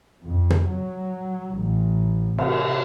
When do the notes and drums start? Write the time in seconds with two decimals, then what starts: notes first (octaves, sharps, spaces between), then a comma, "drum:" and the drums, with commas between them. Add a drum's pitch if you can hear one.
0.23 F2
0.50 drum: tom
0.70 F#3
1.56 A1
2.38 C3, drum: cymbal